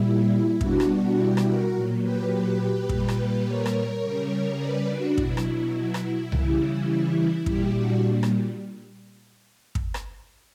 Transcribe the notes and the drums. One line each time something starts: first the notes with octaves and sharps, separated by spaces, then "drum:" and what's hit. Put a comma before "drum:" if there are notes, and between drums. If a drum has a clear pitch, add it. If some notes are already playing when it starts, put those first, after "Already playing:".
Already playing: A#2 G3 E4
B2 G3 D4 F#4, drum: kick
drum: rim click
E4 G4
drum: rim click
F#4 A#4
A#2 F#3
G4 B4
G4 B4
A#2 G3, drum: kick
drum: rim click
A#4 C#5
drum: rim click
C#3 G3
B4 D5
D4 F#4
B2 F#3 E4, drum: kick
drum: rim click
E4
E4
drum: rim click
C#3 E3 G3, drum: tom C2
E4
A#2 G3 E4 G4, drum: kick
D4 F#4
drum: rim click
drum: kick
drum: rim click